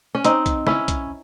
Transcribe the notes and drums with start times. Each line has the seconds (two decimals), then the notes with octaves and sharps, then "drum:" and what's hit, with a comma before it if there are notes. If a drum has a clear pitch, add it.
0.15 C#4
0.25 C4 D#4, drum: hi-hat
0.46 drum: kick B1, hi-hat
0.67 C#4 E4, drum: snare
0.88 drum: kick B1, hi-hat